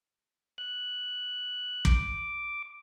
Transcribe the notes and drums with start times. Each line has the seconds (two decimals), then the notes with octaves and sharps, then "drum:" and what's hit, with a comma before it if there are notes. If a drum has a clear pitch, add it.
0.58 F#6
1.85 D6, drum: kick